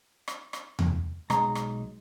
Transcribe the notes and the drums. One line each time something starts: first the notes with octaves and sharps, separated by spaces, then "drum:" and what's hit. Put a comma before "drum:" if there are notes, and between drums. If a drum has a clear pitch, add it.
drum: rim click
drum: rim click
drum: tom E2
B1 G#3 A#5, drum: rim click
drum: rim click